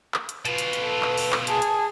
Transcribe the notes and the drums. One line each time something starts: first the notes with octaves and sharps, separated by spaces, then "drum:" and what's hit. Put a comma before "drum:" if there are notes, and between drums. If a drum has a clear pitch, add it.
drum: clap
drum: hi-hat
B2 F4 B4, drum: hi-hat
drum: hi-hat
drum: hi-hat
A4
drum: clap
drum: open hi-hat
drum: clap
G#4 A5, drum: hi-hat
drum: hi-hat